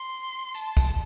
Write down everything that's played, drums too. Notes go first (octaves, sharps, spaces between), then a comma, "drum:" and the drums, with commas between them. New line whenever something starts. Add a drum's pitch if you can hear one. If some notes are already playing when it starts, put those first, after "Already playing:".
Already playing: C6
A5, drum: tambourine
drum: kick, tambourine